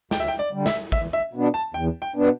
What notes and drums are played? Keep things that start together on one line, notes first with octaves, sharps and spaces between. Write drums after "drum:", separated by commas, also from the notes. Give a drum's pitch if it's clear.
D2 G5, drum: snare
E5
G5
D5
D3 G3
E5, drum: snare
E2 E5, drum: kick
E5
B2 B3 D4
A5
E2 G5
G5
B2 B3 D4